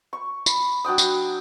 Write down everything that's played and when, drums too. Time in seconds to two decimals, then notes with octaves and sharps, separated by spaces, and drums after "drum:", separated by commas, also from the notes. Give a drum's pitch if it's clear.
0.13 C#6
0.46 B5, drum: tambourine
0.84 F#3 D4 G5 D#6
0.98 drum: tambourine